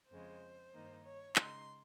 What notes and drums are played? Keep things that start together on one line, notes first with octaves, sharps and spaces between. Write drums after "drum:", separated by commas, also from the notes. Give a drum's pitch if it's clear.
F2 C#3 G#3 C5
G2 D#3 A#3 D#4
C#5
C#3 G#3 D#4 C6, drum: clap